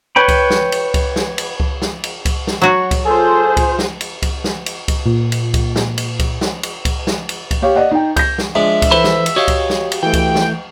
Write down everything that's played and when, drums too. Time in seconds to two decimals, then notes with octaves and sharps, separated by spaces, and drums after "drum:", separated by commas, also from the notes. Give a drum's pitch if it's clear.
0.16 B4 C#5 G5 B5
0.28 drum: kick C#2, cymbal
0.50 drum: snare
0.72 drum: cymbal
0.94 drum: kick C#2, cymbal
1.16 drum: snare
1.38 drum: cymbal
1.60 drum: kick C#2
1.82 drum: snare
2.04 drum: cymbal
2.25 drum: kick C#2, cymbal
2.47 drum: snare
2.61 F#3 F#4
2.91 drum: kick C#2, cymbal
3.05 F4 G#4 A4 C5
3.57 drum: kick C#2, cymbal
3.79 drum: snare
4.01 drum: cymbal
4.22 drum: kick C#2, cymbal
4.44 drum: snare
4.66 drum: cymbal
4.88 drum: kick C#2, cymbal
5.06 A#2
5.32 drum: cymbal
5.54 drum: kick C#2, cymbal
5.76 drum: snare
5.98 drum: cymbal
6.19 drum: kick C#2, cymbal
6.41 drum: snare
6.63 drum: cymbal
6.85 drum: kick C#2, cymbal
7.07 drum: snare
7.29 drum: cymbal
7.51 drum: kick C#2, cymbal
7.62 G4 C#5 F5
7.76 D5 D#5 F#5
7.91 D#4 G5
8.16 G6 A#6, drum: kick C#2, cymbal
8.38 drum: snare
8.55 F3 G#3 D4 E5
8.82 drum: kick C#2, cymbal
8.91 E3 A4 B4 C5 B5
9.04 drum: snare
9.26 drum: cymbal
9.36 F#4 G4 C#5 D#5 F5
9.48 drum: kick C#2, cymbal
9.70 drum: snare
9.92 drum: cymbal
10.03 E3 A3 G5
10.13 drum: kick C#2, cymbal
10.35 drum: snare